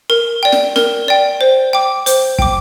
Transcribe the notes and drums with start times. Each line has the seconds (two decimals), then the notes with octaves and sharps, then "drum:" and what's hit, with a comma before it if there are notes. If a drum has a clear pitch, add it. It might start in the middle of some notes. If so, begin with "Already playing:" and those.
0.10 A#4
0.43 D5 G5
0.52 drum: snare
0.76 A#4, drum: snare
1.08 D5 G5
1.41 C5
1.73 G5 D6
2.06 C5, drum: hi-hat
2.39 G5 D6, drum: kick